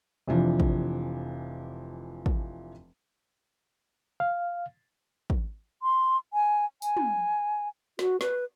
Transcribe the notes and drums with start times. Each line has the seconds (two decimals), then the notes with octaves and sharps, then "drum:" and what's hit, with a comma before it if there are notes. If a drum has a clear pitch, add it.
0.27 F1 E3 F3 D4
0.60 drum: kick
2.26 drum: kick
4.20 F5
5.30 drum: kick
5.83 C6
6.33 G#5
6.82 G#5, drum: tambourine
6.97 drum: tom
7.99 F#4, drum: snare
8.21 B4, drum: snare